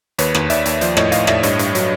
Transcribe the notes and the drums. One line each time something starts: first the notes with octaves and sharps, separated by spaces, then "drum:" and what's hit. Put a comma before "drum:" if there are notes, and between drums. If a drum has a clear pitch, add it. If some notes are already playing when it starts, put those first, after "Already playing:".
D#2 B4 C#5, drum: hi-hat
D#2, drum: rim click
D#2 D5 E5, drum: hi-hat
D#2, drum: hi-hat
F3 C5 D5, drum: hi-hat
A2 C#5 D#5, drum: rim click
A2 D#5 F5, drum: hi-hat
A2 D5 E5, drum: rim click
G2 C#5 D#5, drum: hi-hat
G2, drum: hi-hat
F#3, drum: hi-hat